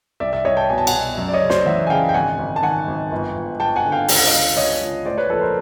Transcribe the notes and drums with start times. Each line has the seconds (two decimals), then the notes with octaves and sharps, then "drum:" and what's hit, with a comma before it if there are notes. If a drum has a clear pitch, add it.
0.20 C2 D5 E5
0.33 D5 E5
0.45 C2 C#5 D#5
0.57 G5 A5
0.70 B2 G#5
0.78 A5
0.87 F#5 G#5, drum: cymbal
0.93 B2
1.18 F#2
1.28 D5
1.34 C#5 D#5
1.42 C#3
1.50 C5 D5, drum: snare
1.66 E3 E5 F#5
1.87 G#5
1.90 C#3 F5 G5
2.09 G5
2.14 G#1 F#5 G#5
2.39 G#1
2.56 A5
2.63 D#3 F#5 G#5
2.88 G#1
3.11 G1
3.35 G1
3.60 G1 G5 A5
3.76 F#5 G#5
3.85 D3
3.92 F5 G5
4.08 C#2 F5, drum: open hi-hat
4.18 F#5
4.27 D#5 F5
4.33 C#2
4.57 C#2 C#5 D#5
4.81 C#2
5.06 A2 C5 D5
5.18 B4 C#5
5.29 A#1 A4 B4
5.41 A#4 C5